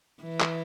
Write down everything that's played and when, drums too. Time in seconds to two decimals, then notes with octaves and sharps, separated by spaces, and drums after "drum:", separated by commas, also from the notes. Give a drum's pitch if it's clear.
0.22 E3
0.41 drum: clap